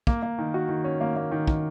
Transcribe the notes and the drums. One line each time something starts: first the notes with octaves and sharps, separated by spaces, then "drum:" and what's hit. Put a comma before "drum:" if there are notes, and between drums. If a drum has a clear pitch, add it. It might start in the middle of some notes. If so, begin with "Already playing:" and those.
A#3, drum: kick
A#3
D#3
F#4
D#3
C#4
A#3
A#3
D#3
D#3, drum: kick